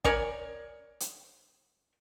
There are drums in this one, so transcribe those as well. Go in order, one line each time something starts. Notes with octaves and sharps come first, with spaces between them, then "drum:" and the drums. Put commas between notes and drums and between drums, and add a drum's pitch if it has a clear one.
A#4 C#5 D5 G#5, drum: kick
drum: hi-hat